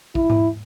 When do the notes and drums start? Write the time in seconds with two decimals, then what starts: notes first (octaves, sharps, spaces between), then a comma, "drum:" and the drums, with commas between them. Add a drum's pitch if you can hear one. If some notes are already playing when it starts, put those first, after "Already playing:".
0.15 E4, drum: kick A#1
0.30 drum: tom G#2